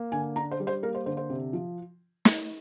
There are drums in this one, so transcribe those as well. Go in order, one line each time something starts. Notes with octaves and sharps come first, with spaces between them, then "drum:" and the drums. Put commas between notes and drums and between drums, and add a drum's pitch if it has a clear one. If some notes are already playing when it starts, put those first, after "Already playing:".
Already playing: A#3
D3 G#5
D4 A#5
C5
G3
C5
A#3 A#4
C5
D3 C5
C5
C3
F3
drum: snare